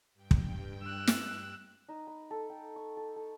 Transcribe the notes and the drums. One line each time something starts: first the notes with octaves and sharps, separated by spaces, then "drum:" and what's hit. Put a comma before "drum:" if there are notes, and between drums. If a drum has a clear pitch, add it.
G2 G5
drum: kick
E6 F#6
drum: snare
D#4
B5
A4
G5
C#6
A4
A4